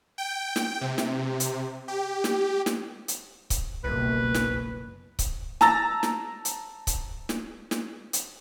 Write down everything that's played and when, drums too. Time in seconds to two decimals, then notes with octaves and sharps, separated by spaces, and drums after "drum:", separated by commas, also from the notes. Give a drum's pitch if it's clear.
0.18 G5
0.56 drum: snare
0.81 C3
0.98 drum: snare
1.40 drum: hi-hat
1.88 G4
2.24 drum: snare
2.66 drum: snare
3.08 drum: hi-hat
3.50 drum: kick C#1, hi-hat
3.84 F#1 C2 B2 B4
4.34 drum: snare
5.19 drum: kick C#1, hi-hat
5.61 A5 A#5 E6 A6 A#6, drum: snare
6.03 drum: snare
6.45 drum: hi-hat
6.87 drum: kick C#1, hi-hat
7.29 drum: snare
7.71 drum: snare
8.13 drum: hi-hat